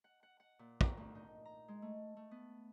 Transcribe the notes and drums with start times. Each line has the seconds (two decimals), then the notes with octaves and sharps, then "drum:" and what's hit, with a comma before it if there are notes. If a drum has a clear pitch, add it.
0.04 F#5
0.23 F#5
0.40 F#5
0.59 A#2
0.81 A#5, drum: kick
0.97 D2
1.15 D#4
1.45 A#5
1.68 G#3
1.82 A3
2.17 A3
2.31 B3